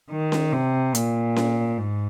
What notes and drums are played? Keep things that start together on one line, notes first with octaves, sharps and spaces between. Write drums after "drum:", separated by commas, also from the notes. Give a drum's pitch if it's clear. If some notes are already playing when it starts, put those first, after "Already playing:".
D#3
drum: snare C#4
C3
A#2, drum: hi-hat
drum: snare C#4
G#2